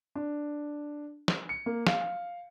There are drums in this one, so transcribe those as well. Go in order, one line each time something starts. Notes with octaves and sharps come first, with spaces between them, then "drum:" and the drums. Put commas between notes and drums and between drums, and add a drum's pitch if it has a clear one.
D4
drum: snare
C#7
A#3
F5, drum: snare